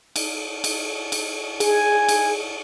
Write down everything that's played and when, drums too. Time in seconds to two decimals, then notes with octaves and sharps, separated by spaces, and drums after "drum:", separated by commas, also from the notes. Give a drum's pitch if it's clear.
0.16 drum: cymbal
0.64 drum: cymbal
1.12 drum: cymbal
1.60 G#4 G#5, drum: cymbal
2.09 drum: cymbal